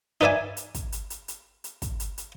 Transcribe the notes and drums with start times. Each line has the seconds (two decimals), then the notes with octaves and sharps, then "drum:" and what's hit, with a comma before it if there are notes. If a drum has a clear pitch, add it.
0.21 D#4 B4 D5 E5 G#5
0.57 drum: hi-hat
0.74 drum: kick, hi-hat
0.92 drum: hi-hat
1.10 drum: hi-hat
1.28 drum: hi-hat
1.64 drum: hi-hat
1.82 drum: kick, hi-hat
2.00 drum: hi-hat
2.18 drum: hi-hat